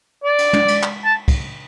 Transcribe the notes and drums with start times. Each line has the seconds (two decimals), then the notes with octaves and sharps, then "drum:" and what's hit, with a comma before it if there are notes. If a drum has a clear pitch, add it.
0.24 D5
0.38 drum: cymbal
0.53 drum: tom
0.68 drum: cymbal
0.83 drum: clap
1.05 A5
1.28 drum: kick, cymbal